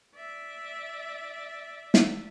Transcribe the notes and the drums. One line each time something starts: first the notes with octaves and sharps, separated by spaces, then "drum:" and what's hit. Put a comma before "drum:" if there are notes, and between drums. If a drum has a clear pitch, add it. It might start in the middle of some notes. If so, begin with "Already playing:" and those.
D5 E5
drum: snare